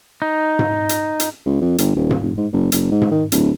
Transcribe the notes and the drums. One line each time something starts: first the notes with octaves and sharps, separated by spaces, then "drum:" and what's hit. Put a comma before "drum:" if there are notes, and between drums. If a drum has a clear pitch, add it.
D#4
drum: tom G#2
drum: hi-hat
drum: hi-hat
C#2
F2
G1, drum: hi-hat
D#1
drum: tom G#2
F1
G#2
F#1
F#1, drum: hi-hat
G#2
drum: tom G#2
D#3
D1, drum: hi-hat